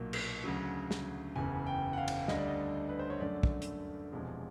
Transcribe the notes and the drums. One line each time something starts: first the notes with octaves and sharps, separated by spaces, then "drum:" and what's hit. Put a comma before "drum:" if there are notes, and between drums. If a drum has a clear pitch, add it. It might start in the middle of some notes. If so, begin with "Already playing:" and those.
Already playing: B1 A#2 F#3 A#3
drum: cymbal
D2 C#3 F#3
drum: snare
F#1 E2 C#3 G#5
G5
F#5
F5
drum: cymbal
D2 D3 G3 D#5, drum: snare
D5
D#5
B4
C5
C#5
F#2 D3 F#3 A3 D5
drum: kick
drum: hi-hat
E1 E2 C3 F3 G#3